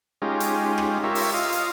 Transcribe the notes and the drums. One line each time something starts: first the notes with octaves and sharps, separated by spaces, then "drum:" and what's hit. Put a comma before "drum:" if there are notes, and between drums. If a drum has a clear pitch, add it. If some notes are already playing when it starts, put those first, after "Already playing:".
G#3 C#4 D#4 F4 G4
drum: hi-hat
drum: rim click
F4 G4 A#4 C#5 E5
drum: open hi-hat
F4 D#5 F5
drum: hi-hat